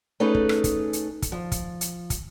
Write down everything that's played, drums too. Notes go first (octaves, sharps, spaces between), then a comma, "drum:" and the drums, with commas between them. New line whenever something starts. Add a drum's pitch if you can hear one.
A3 C#4 D#4 G#4 A4 B4
drum: kick
drum: rim click
drum: kick, hi-hat
drum: hi-hat
drum: kick, hi-hat
F3
drum: kick, hi-hat
drum: hi-hat
drum: kick, hi-hat